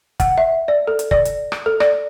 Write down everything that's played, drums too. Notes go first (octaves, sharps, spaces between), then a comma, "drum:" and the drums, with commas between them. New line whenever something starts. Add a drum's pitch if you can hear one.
F#5, drum: kick, hi-hat
E5
D5
A4
drum: hi-hat
D5, drum: kick
drum: hi-hat
drum: rim click
A4
D5, drum: rim click